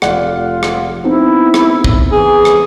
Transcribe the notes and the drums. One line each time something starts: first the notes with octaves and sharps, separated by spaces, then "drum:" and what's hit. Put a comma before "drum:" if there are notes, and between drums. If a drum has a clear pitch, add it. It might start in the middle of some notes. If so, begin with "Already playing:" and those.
F1 F4 D5 F#5, drum: rim click
drum: rim click
B3 C4 D#4 E4
drum: rim click
drum: kick
E3 G#4
drum: rim click